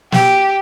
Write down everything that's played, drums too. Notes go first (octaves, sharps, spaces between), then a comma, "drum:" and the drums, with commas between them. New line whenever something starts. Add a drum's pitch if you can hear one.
G4, drum: snare